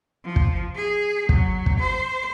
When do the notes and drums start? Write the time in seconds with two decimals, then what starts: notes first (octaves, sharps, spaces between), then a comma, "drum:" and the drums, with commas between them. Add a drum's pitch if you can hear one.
0.24 F3
0.36 drum: kick
0.76 G#4
1.29 F#3, drum: kick
1.66 drum: kick
1.80 C5